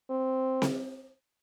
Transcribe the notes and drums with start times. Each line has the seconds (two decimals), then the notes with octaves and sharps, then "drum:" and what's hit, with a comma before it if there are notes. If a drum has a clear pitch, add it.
0.10 C4
0.62 drum: snare C4